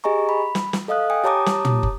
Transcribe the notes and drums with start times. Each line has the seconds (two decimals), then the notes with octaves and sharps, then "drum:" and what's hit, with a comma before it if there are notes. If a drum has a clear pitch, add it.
0.04 G4 G#4 D#5 G#5 A#5 C#6
0.29 B5
0.55 drum: snare
0.73 drum: snare
0.88 A4 D#5 F5 D#6 F#6
1.10 G5 G#5 D#6
1.24 G4 C#5 A5 A#5 D6 D#6
1.46 drum: snare
1.65 drum: tom
1.83 drum: kick